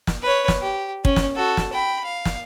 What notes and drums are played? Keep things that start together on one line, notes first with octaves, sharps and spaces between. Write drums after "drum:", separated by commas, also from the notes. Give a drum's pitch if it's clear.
drum: snare
B4 C#5
drum: snare
G4
C#4, drum: kick
drum: snare
F#4 A4
drum: snare
G5 B5
F5
drum: snare